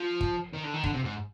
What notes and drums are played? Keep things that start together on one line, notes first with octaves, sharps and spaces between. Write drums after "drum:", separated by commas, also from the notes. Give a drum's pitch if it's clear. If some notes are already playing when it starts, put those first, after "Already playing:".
Already playing: F3
drum: kick
D#3
D3
D#3
D3, drum: kick
C3
G#2